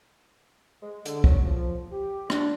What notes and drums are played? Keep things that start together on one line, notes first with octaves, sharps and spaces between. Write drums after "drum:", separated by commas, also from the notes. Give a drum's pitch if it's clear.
G#3
D3, drum: hi-hat
F#3, drum: kick
F3
G4
D4, drum: rim click